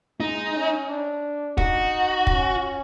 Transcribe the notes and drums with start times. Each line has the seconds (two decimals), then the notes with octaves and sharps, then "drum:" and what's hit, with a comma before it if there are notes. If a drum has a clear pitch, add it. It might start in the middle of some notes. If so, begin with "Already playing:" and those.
0.20 G#3 D#4
0.55 C#4
0.89 D4
1.58 D#4 F#4, drum: kick
2.27 C#4, drum: kick